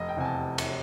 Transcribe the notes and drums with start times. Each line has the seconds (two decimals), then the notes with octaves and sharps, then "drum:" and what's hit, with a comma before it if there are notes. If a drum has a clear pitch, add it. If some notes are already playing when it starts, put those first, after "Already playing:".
Already playing: F1 D#5
0.09 G5
0.17 E2 C3 G#5
0.25 A5
0.58 drum: cymbal